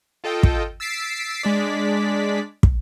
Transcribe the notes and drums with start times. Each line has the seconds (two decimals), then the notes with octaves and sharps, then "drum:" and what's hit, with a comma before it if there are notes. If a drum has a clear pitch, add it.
0.24 F4 A4 D#5 G5
0.43 drum: kick
0.80 E6 A6 B6 C7 D7 E7
1.42 G#3 D4 D5 B6
2.63 drum: kick